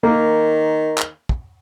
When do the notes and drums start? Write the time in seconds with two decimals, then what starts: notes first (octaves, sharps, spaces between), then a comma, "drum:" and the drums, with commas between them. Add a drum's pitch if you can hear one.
0.03 D#3 A#3
0.98 drum: clap
1.29 drum: kick